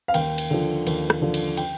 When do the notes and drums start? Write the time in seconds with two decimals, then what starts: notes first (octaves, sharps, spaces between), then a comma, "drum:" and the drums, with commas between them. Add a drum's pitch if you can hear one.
0.08 F5
0.14 D#2 G5, drum: cymbal
0.38 drum: cymbal
0.50 D3 F3
0.87 D#2, drum: cymbal
1.10 drum: rim click
1.21 D3 F3
1.34 drum: cymbal
1.57 G5, drum: cymbal